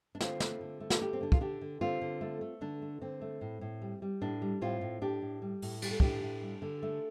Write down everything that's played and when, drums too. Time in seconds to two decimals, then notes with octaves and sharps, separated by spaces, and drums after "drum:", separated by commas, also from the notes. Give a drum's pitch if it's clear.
0.15 D4
0.20 D3 C4 F4, drum: snare
0.40 A3, drum: snare
0.61 D3
0.80 A3
0.90 A4, drum: snare
1.01 D3 D4 G4
1.13 C4
1.21 D3 D4
1.32 F4, drum: kick
1.41 D3 D4 G4
1.61 D3
1.81 D3 C4 F4
2.01 D3
2.21 A3
2.41 A3
2.61 D3 D4
2.82 A3
3.02 D3 C4
3.21 A3
3.41 A2
3.61 A2
3.82 G3
4.02 G3
4.21 A2 D4
4.42 G3
4.61 A2 C4 F4
4.81 A2
5.02 A2 D4 G4
5.22 A2
5.42 G3
5.62 A2, drum: open hi-hat
5.82 G3 G4, drum: cymbal
5.91 A4
6.00 A2 D4 G4, drum: kick
6.22 A2
6.42 G3
6.62 D3
6.83 A3